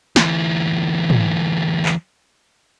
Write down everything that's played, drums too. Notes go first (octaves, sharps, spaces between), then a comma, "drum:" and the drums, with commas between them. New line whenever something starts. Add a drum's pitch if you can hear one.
D2 E3, drum: snare
drum: tom
drum: clap